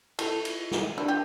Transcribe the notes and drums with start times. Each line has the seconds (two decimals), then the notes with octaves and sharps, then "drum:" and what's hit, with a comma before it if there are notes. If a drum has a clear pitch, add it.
0.19 A3 E4, drum: cymbal
0.45 drum: cymbal
0.71 drum: snare
0.98 D4 E4
1.08 G4